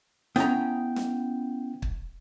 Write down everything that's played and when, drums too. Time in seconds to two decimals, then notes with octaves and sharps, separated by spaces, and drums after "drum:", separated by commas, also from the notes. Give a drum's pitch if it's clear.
0.36 B3 C#4 E4 G5 A#5, drum: snare
0.96 drum: snare
1.82 drum: kick